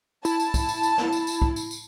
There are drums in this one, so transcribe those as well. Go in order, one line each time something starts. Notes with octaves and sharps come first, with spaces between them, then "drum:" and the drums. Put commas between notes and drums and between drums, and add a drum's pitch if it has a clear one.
E4 A5, drum: tambourine
drum: tambourine
drum: kick, tambourine
drum: tambourine
drum: tambourine
drum: snare
drum: tambourine
drum: tambourine
drum: kick
drum: tambourine
drum: tambourine